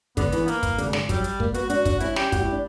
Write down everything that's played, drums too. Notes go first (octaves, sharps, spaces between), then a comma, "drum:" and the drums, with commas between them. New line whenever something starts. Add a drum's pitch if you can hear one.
D3 B3, drum: kick, hi-hat
E3, drum: hi-hat
A#3, drum: hi-hat
drum: kick, hi-hat
D3, drum: hi-hat
C#3
D3, drum: snare
F#3 G3, drum: kick, hi-hat
drum: hi-hat
A#3, drum: kick
B3 F#4, drum: hi-hat
D4 F#4, drum: hi-hat
D4, drum: kick, hi-hat
C#4 E4, drum: hi-hat
G4, drum: snare
F#4, drum: kick, hi-hat
E4
D4